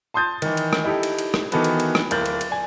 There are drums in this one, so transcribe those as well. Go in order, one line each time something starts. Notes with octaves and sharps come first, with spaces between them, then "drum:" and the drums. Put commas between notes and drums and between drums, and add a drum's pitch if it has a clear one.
A5 C6 D#6 G6 A6
D#3 E3, drum: cymbal
drum: cymbal
drum: rim click
D#4 E4 G4 A4
drum: cymbal
drum: cymbal
drum: rim click
D#3 E3 B3 F#4 A4 B4, drum: cymbal
drum: cymbal
drum: cymbal
drum: rim click
D1 A#4 G6 A6 F#7, drum: cymbal
drum: cymbal
drum: cymbal
D5 G#5